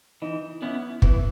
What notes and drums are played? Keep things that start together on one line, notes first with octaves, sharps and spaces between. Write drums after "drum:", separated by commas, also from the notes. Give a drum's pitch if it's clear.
E3 D#4
B3 C#4 E4
E3 B3, drum: kick